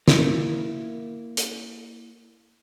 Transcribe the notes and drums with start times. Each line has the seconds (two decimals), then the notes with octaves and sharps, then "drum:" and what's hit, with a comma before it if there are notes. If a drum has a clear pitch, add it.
0.08 A#3 E4, drum: snare
1.37 drum: hi-hat